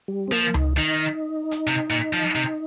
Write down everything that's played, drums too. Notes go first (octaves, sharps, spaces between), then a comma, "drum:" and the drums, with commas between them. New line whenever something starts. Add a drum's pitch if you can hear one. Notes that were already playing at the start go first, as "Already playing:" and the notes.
G3
C4
F3 A#3
D#4, drum: tom C#2
D#3 D#4
drum: hi-hat
C3, drum: hi-hat
A#2
F3
C3